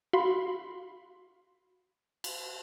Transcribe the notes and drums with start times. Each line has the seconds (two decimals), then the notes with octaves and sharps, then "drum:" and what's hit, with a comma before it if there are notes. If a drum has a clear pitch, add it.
0.13 F#4 F5 B5 C6
2.24 drum: cymbal